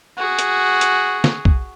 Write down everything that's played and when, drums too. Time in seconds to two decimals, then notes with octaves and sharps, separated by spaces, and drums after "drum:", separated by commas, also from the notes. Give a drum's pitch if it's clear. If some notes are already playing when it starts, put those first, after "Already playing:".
0.17 F#4 G#4
0.39 drum: hi-hat
0.81 drum: hi-hat
1.24 drum: snare
1.45 drum: kick